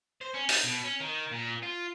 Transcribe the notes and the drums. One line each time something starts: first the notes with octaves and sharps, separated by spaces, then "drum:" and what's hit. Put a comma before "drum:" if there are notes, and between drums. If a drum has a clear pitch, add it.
C5
C#4
D#4, drum: open hi-hat
B2
C#4
D#3
A#2
F4